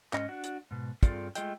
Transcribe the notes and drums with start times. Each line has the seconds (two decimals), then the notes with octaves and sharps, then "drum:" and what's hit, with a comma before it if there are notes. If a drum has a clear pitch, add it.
0.13 G#2 C#4 D#5, drum: clap
0.28 D4 F#4
0.44 drum: hi-hat
0.71 G#2 B2
1.03 G2 C4 F4 G#4 A4 D5, drum: kick, hi-hat
1.35 G#3 A3 F4 G#4 D#5 G5, drum: hi-hat